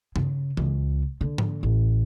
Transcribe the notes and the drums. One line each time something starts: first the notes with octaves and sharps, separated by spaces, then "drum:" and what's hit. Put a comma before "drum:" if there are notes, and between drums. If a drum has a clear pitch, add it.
C#3, drum: tom G2
C#2, drum: tom E3
D3
drum: tom G#2
A1